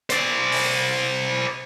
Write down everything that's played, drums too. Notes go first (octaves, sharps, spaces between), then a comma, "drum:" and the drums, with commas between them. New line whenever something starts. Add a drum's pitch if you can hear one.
C5 D5, drum: hi-hat
drum: open hi-hat